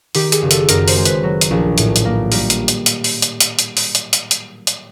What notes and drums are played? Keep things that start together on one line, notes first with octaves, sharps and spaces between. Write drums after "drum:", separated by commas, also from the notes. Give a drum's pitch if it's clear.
D#3 G4, drum: open hi-hat
G#4, drum: hi-hat
F#1
A4, drum: hi-hat
F#2 A#4, drum: hi-hat
C5, drum: open hi-hat
G#3
B4, drum: hi-hat
F#3
drum: hi-hat
A#1
A2, drum: hi-hat
drum: hi-hat
A#3
G3 A#4, drum: open hi-hat
drum: hi-hat
drum: hi-hat
drum: hi-hat
drum: open hi-hat
drum: hi-hat
drum: hi-hat
drum: hi-hat
drum: open hi-hat
drum: hi-hat
drum: hi-hat
drum: hi-hat
drum: hi-hat